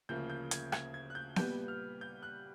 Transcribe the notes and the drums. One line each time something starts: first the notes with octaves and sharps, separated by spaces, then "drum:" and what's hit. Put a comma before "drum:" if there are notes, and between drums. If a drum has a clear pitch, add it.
D2 C#3 F3 A#3 G6
G6
G#6, drum: hi-hat
G#6, drum: rim click
G#6
F#6
G6
A#2 G3 B3 G6, drum: snare B3
F6
G6
F#6